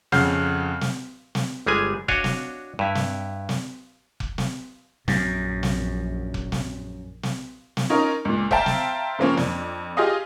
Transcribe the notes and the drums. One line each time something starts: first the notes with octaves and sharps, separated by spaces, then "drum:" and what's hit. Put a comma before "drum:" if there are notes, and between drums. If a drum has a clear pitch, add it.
F2 C#3 F#5 F6 G6 C7, drum: snare
drum: snare
drum: snare
G1 G3 G#3 G#4 G#5
D4 F#4 C#5 D#5 F5 G#5, drum: kick F1
drum: snare
G2 E4
drum: snare
drum: snare
drum: kick F1
drum: snare
A#1 F#2, drum: snare
drum: snare
drum: kick F1
drum: snare
drum: snare
drum: snare
C#4 D#4 F4 A#4
C#2 A#2
C5 E5 F5 G5 A5 A#5, drum: kick F1
drum: snare
C#3 F3 A#3 C4 C#4
F2 D4, drum: snare
F4 G4 G#4 D#5 F5 D#6